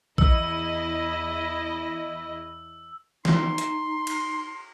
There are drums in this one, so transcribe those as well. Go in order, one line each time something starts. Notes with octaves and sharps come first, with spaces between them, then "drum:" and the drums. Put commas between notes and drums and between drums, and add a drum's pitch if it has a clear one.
E2 E4 D#5 E6, drum: kick A#1
D#4 C6, drum: snare
drum: hi-hat
drum: cymbal